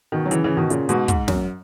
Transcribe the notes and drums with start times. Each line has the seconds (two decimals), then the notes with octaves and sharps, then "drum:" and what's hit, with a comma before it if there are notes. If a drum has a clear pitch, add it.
0.12 B2 D#3
0.26 F#3
0.31 C#3 E3, drum: hi-hat
0.44 C#3 E3
0.57 B2 D#3
0.70 A#2 C#3, drum: hi-hat
0.89 G#2 B2, drum: hi-hat
1.08 G#2, drum: kick, hi-hat
1.28 F#2, drum: snare